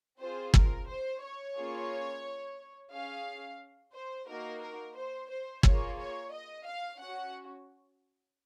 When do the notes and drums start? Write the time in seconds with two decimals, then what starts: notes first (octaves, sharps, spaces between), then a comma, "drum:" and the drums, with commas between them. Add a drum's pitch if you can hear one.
0.19 C4 F4 G#4 C5
0.54 A#4, drum: kick
0.88 C5
1.22 C#5
1.56 A#3 C#4 F4 G#4
2.92 C#4 G#4 F5
3.93 C5
4.27 A#3 D#4 F#4 A#4
4.62 A#4
4.96 C5
5.29 C5
5.63 A#3 F4 G#4 C#5, drum: kick
5.98 C#5
6.32 D#5
6.66 F5
6.99 C#4 F#4 F#5